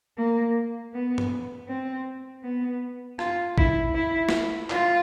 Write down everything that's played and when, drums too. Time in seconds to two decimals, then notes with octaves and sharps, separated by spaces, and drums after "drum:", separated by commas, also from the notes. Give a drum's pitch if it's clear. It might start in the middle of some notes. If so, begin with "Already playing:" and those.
0.18 A#3
0.94 B3
1.18 drum: tom G2
1.69 C4
2.44 B3
3.19 F4, drum: rim click
3.58 E4, drum: kick G#1
3.95 E4
4.29 drum: snare
4.70 F4, drum: clap